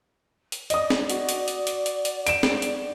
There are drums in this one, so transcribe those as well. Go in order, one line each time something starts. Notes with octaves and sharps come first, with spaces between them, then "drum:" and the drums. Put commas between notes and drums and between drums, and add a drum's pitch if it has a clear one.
drum: hi-hat
D5 D#5 D#6, drum: hi-hat
drum: snare C4
F#4, drum: hi-hat
drum: hi-hat
drum: hi-hat
drum: hi-hat
drum: hi-hat
drum: hi-hat
D7 E7, drum: hi-hat
drum: snare C4
drum: hi-hat